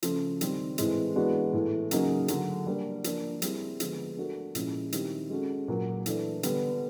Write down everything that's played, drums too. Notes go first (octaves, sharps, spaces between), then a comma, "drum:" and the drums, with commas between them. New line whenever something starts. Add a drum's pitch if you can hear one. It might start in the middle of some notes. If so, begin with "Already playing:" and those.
C#3 F3 A3, drum: hi-hat
D#3 G3 C4, drum: hi-hat
A2 E3 G#3 C4, drum: hi-hat
E3 G#3 B3 D4 F#4
A2 E3 A3
C#3 F#3 A#3 D#4 G#4, drum: hi-hat
D3 F#3 A3, drum: hi-hat
G3 A#3 D4
F3 A#3 D4, drum: hi-hat
G3 C4 E4 G#4, drum: hi-hat
D3 F3 G#3 B3, drum: hi-hat
A3 D4 F#4 A#4
A#2 F3 G#3 C#4 E4, drum: hi-hat
D#3 G3 C4 E4 G4, drum: hi-hat
G#3 C#4 F#4 A4
A#2 F#3 A#3
E3 A3 D4, drum: hi-hat
D3 G3 B3, drum: hi-hat